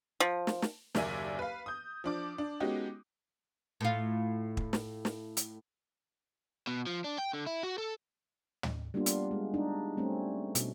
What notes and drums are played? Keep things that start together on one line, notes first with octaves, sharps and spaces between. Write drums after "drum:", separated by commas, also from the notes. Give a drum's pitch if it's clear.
F3
drum: snare
drum: snare
F#1 D#2 A#4 D5 E5 G#5, drum: snare
B4 F5
D#6 G6
F3 D4 D6
D4
G#3 B3 C#4 D#4 F#4 G4
A2 F4
drum: kick
drum: snare
drum: snare
drum: hi-hat
B2
F3
D4
G5
D3
E4
F#4
A4
drum: tom
G3 A#3 B3 D4 F4
drum: hi-hat
G#3
D4 D#4
G3 A3 C4 C#4
B2, drum: hi-hat